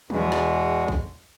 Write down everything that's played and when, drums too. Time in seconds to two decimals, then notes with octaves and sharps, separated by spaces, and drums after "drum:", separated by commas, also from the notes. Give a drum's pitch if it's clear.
0.10 E2 B2 G#3, drum: tom
0.32 drum: snare
0.88 drum: kick